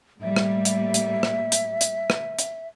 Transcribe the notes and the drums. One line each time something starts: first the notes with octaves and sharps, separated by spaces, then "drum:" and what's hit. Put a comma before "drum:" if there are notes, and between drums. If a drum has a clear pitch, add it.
A2 G3 A#3 E5
drum: rim click
drum: hi-hat
drum: hi-hat
drum: rim click
drum: hi-hat
drum: hi-hat
drum: rim click
drum: hi-hat